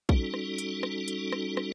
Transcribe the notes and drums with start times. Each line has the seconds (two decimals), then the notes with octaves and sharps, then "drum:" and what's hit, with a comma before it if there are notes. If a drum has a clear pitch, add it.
0.09 G3 C#4 D#4 F#4 A4, drum: kick
0.34 drum: rim click
0.58 drum: hi-hat
0.83 drum: rim click
1.08 drum: hi-hat
1.32 drum: rim click
1.57 drum: rim click